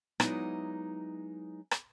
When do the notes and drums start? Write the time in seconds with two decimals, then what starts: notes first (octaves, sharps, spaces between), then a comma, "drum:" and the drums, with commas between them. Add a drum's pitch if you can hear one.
0.20 F#3 G#3 B3 D#4 E4 D5, drum: rim click
1.71 drum: rim click